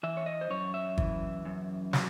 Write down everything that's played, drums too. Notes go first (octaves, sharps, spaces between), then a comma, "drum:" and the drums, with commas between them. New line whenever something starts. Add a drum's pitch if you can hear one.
E3 E5
C#5
D#5
C5
F#2 C#5
E5
E3, drum: kick
F#2
F#3, drum: snare